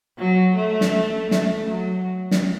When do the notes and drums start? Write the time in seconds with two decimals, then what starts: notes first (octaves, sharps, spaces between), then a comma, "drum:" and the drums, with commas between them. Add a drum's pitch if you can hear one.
0.18 F#3
0.56 A3
0.81 drum: snare
1.31 A3, drum: snare
1.69 F#3
2.31 drum: snare